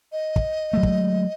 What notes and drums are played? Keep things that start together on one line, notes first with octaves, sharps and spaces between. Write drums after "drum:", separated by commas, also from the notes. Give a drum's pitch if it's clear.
D#5
drum: kick
F#3 G#3 A3
drum: kick